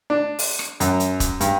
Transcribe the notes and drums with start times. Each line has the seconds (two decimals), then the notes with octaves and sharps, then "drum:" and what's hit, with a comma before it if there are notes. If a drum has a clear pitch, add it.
0.10 D4
0.39 drum: open hi-hat
0.59 drum: rim click
0.80 F#2, drum: hi-hat
1.00 drum: hi-hat
1.20 drum: kick, hi-hat
1.40 G2, drum: hi-hat